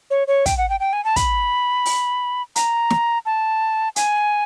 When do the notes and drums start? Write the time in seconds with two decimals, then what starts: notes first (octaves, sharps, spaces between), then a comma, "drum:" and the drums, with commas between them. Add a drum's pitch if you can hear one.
0.10 C#5
0.28 C#5
0.46 G5, drum: kick, hi-hat
0.58 F#5
0.69 G5
0.80 G5
0.93 G#5
1.05 A5
1.16 B5, drum: kick, hi-hat
1.86 drum: open hi-hat
2.56 A#5, drum: hi-hat
2.90 drum: snare
3.26 A5
3.96 G#5, drum: hi-hat